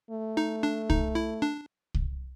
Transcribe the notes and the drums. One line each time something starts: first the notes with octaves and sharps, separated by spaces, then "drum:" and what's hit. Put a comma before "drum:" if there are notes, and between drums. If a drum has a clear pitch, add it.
A3
D#4
D4
D#4, drum: kick C2
E4
D4
drum: kick C2